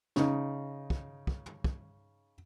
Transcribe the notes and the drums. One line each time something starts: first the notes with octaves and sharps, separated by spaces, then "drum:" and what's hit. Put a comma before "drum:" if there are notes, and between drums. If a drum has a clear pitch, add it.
C#3 D#4, drum: snare
drum: kick
drum: kick
drum: tom
drum: kick